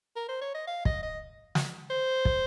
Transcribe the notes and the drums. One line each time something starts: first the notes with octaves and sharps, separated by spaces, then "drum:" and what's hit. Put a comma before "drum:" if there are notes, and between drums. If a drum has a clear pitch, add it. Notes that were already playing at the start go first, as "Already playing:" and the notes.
A#4
C5
C#5
D#5
F5
D#5, drum: kick
D#5
drum: snare
C5
drum: kick